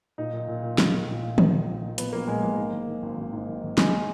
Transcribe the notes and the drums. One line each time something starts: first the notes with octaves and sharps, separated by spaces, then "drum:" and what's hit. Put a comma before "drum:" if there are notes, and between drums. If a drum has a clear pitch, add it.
A#2 D#4
A#2
A#2
A#2
A#2, drum: snare
A#1
A#2
A#2
A#2, drum: tom
A#1
A#2
A#2
A#2 B3, drum: hi-hat
A#1 A#3
A#2 G#3
A#1 A#3
G#2
D#3
D#3
G#1
G#1
G#2
D#3
G#1
G#1 G#3, drum: snare